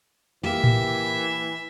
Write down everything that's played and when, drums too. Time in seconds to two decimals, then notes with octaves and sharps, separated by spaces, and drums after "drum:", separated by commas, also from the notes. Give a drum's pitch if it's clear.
0.43 E3 A#3 G4 E5
0.64 drum: tom A2